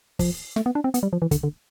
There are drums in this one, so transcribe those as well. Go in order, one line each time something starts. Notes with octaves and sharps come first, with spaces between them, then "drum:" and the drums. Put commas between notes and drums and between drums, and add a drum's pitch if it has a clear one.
F3, drum: kick, open hi-hat
A3, drum: snare
B3
D4
C4
B3, drum: hi-hat
G3
F3
E3
D3, drum: kick, hi-hat
D3